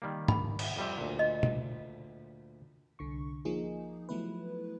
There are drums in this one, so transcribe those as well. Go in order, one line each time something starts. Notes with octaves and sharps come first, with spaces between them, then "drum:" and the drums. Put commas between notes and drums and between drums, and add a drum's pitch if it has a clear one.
D#3 G3 A#3
B5, drum: tom
drum: cymbal
F2 G3 C4
D2 A#2
D#5
drum: tom B2
C2 D3 C#6
F3 A#3 D#4 G#4
F3 F#3 A3 B3 E4 B4